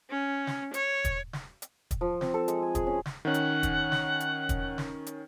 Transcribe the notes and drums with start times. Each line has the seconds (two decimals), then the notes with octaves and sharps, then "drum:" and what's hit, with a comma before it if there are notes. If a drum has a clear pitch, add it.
0.11 C#4
0.47 drum: snare
0.74 C#5, drum: hi-hat
1.05 drum: kick, hi-hat
1.33 drum: snare
1.62 drum: hi-hat
1.91 drum: kick, hi-hat
2.01 F3
2.21 C4, drum: snare
2.34 A4
2.48 G#3, drum: hi-hat
2.62 G#5
2.75 G#4, drum: kick, hi-hat
2.87 C#4
3.06 drum: snare
3.25 D#3 C#4 F#5
3.34 drum: hi-hat
3.63 drum: kick, hi-hat
3.92 drum: snare
4.20 drum: hi-hat
4.49 drum: kick, hi-hat
4.78 drum: snare
5.07 drum: hi-hat